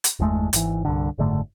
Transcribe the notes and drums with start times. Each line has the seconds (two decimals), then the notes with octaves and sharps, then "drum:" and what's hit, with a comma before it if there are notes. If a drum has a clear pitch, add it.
0.04 drum: hi-hat
0.19 G1 E2 G#3 A3
0.53 G#1 E3, drum: hi-hat
0.85 C2 G2 D3
1.18 F#1 G#2 D3 A3